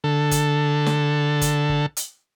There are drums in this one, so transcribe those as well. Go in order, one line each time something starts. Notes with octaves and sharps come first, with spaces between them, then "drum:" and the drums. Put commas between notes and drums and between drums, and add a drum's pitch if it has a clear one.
D3 A4
drum: kick, hi-hat
drum: snare
drum: kick, hi-hat
drum: kick
drum: hi-hat